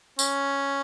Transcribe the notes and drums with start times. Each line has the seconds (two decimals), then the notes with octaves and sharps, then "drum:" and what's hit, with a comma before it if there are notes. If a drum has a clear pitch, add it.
0.19 C#4, drum: tambourine